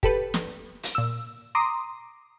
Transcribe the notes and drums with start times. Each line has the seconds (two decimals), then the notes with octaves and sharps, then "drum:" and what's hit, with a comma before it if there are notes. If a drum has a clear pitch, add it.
0.03 G4 A4 B4, drum: kick
0.34 drum: snare
0.83 drum: hi-hat
0.95 A#2 E6
1.55 A#5 C6 D6 D#6